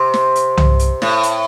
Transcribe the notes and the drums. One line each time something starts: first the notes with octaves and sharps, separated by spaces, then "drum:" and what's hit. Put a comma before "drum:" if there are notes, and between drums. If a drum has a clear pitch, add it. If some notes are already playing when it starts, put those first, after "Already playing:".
Already playing: C3
drum: snare
drum: hi-hat
drum: tom C2
drum: hi-hat
A2, drum: snare
drum: hi-hat